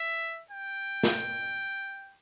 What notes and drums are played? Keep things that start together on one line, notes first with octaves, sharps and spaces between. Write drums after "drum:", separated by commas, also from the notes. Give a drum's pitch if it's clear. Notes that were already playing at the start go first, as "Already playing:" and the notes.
Already playing: E5
G5
drum: snare